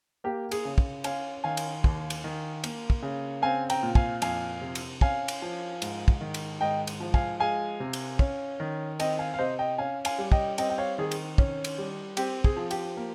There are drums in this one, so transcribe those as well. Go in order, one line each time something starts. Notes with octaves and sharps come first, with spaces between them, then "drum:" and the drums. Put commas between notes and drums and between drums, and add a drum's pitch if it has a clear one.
A#3 G4
G#4, drum: cymbal
C#3
drum: kick
C#4 F5 G#5, drum: cymbal
D#3 F5 G#5
drum: cymbal
D#2, drum: kick
drum: cymbal
D#3
A#3, drum: cymbal
drum: kick
C#3
C4 F5 G#5
G5 A#5, drum: cymbal
A#2
F5 G#5, drum: kick
F2 F5 G#5, drum: cymbal
C3
drum: cymbal
C#4 F5 G#5, drum: kick
drum: cymbal
F3
G#2, drum: cymbal
drum: kick
D#3
drum: cymbal
G#2 D#5 G5
drum: cymbal
F3
F5 G#5, drum: kick
G#3 F5 G#5
C3
drum: cymbal
C#4, drum: kick
D#3
C4 D#5 G5, drum: cymbal
F5 G#5
F5
C3 C5 D#5
D#5 G5
C#4 F5 G#5
F5 G#5, drum: cymbal
G3
D#5 G5, drum: kick
C4 D#5 G5, drum: cymbal
G5
C#5 F5
D#3 G#4
drum: cymbal
C#4, drum: kick
drum: cymbal
G3
C4 G4, drum: cymbal
G#4, drum: kick
F3
G4, drum: cymbal
A#3